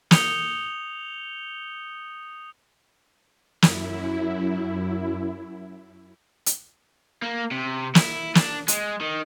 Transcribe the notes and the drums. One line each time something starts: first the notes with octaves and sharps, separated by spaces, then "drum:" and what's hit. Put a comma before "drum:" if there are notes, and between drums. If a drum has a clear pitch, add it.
D#6 G6 C#7 F7 G7, drum: snare
F#2 E4, drum: snare
drum: hi-hat
A#3
C3
E4, drum: snare
D4, drum: snare
G#3, drum: hi-hat
D#3